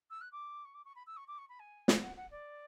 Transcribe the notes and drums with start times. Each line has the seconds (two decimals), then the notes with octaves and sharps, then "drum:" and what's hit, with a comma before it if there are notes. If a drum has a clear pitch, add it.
0.10 E6
0.21 F#6
0.32 D6
0.65 C#6
0.74 D6
0.85 C#6
0.95 B5
1.07 E6
1.17 C#6
1.28 D6
1.38 C#6
1.49 B5
1.59 G#5
1.88 drum: snare
2.02 F#5
2.17 F#5
2.31 D5